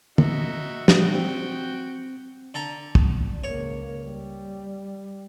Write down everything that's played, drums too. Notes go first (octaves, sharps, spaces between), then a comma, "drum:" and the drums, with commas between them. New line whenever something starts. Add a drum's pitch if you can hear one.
D#4 F#4 E5, drum: tom
F#4 G5, drum: snare
C4
D3 A5 A#5
drum: kick
C#2 A#3 C#5
G3